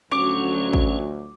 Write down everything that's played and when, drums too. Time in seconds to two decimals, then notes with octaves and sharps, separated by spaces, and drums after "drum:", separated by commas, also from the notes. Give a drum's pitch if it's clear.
0.12 D2 F3 F#3 C#4 D6
0.73 drum: kick A1